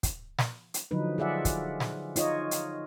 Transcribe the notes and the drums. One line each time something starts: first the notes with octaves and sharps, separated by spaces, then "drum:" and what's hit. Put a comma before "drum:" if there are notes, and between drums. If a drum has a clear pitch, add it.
drum: kick, hi-hat
drum: snare
drum: hi-hat
D3 F3 F#3 D#4 B4
F4 G#4 D5 E5 F#5
drum: kick, hi-hat
drum: snare
D#4 F4 C#5 D#5, drum: hi-hat
drum: hi-hat